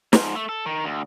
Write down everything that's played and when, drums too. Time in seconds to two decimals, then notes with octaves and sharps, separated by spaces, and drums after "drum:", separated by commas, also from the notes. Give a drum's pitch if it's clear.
0.13 G#2 F3, drum: snare
0.36 A3
0.49 A4
0.66 D#3
0.84 D2